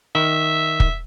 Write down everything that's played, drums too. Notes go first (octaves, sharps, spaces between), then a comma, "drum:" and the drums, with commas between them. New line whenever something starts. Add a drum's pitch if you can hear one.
D#3 E5
drum: kick